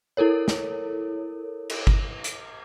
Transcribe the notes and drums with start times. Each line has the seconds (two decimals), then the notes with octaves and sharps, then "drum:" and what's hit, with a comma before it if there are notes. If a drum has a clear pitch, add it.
0.17 E4 A4 A#4 C#5
0.48 drum: snare
1.69 drum: cymbal
1.87 drum: kick G1
2.24 drum: hi-hat